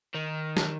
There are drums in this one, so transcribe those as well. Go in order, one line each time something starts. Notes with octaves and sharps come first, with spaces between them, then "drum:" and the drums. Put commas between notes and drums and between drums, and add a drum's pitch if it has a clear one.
D#3
drum: snare